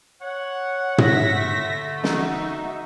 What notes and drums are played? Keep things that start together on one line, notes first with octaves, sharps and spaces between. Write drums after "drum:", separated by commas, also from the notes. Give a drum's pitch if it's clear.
C#5 F#5
E5 A#6 B6, drum: tom
D3 A3
D#4 F#4 E5, drum: snare